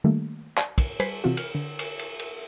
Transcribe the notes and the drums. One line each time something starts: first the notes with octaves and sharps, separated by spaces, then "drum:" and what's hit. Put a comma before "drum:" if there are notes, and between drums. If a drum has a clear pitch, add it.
D#3 G3 A3 A#3
D5, drum: clap
drum: kick, cymbal
G3 B4 C5 G#5 B6 C7, drum: cymbal
C3 E3 F4 F#4
F6, drum: cymbal
D3
drum: cymbal
drum: cymbal
drum: cymbal